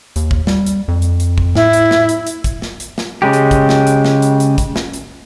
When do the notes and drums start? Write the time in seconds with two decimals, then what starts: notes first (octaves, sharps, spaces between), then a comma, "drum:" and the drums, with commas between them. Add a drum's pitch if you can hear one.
0.16 D#2, drum: hi-hat
0.31 drum: kick
0.47 G3, drum: snare
0.66 drum: hi-hat
0.88 F2
1.02 drum: hi-hat
1.20 drum: hi-hat
1.38 drum: kick
1.55 A2 E4, drum: snare
1.73 drum: hi-hat
1.91 drum: snare
2.09 drum: hi-hat
2.27 drum: hi-hat
2.44 drum: kick, hi-hat
2.62 drum: snare
2.80 drum: hi-hat
2.98 drum: snare
3.22 C#3 G#3 G4
3.33 drum: hi-hat
3.51 drum: kick, hi-hat
3.69 drum: snare
3.87 drum: hi-hat
4.05 drum: snare
4.22 drum: hi-hat
4.40 drum: hi-hat
4.58 drum: kick, hi-hat
4.76 drum: snare
4.93 drum: hi-hat